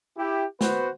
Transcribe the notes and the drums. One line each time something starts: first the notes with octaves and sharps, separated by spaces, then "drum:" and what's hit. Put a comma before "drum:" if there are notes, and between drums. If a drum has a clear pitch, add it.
E4 G4
B3 F#4 B4 C5, drum: snare